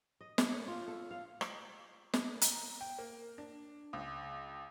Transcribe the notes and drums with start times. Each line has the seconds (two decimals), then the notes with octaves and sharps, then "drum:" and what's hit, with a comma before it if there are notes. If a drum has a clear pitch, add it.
0.21 D#5
0.38 E5, drum: snare
0.51 C#5
0.68 F4
0.88 A4
1.11 F5
1.41 drum: rim click
2.14 drum: snare
2.41 A#5, drum: hi-hat
2.81 G5
2.98 A#3
3.38 D4
3.93 C#2